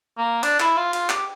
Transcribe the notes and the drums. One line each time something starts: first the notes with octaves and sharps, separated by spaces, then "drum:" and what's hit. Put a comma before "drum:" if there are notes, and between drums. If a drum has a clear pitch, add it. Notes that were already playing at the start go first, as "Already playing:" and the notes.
A#3
D4, drum: cymbal
E4, drum: clap
F4
F4, drum: cymbal
G4, drum: clap